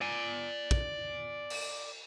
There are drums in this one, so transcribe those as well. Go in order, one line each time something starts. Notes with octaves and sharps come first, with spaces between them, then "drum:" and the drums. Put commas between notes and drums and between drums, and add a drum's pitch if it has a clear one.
D5 G#5
drum: kick
drum: cymbal